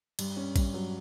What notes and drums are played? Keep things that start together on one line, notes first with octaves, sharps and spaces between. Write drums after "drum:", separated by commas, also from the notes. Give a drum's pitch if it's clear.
G2, drum: cymbal
C#4
G2, drum: kick, cymbal
F#3